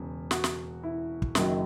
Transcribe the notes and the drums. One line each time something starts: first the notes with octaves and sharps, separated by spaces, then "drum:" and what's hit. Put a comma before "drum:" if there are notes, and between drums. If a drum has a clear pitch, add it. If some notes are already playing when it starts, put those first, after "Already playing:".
Already playing: E1 C#3
F#4, drum: snare
drum: snare
E4
drum: kick
F#1 F#2 D#3 F#3, drum: snare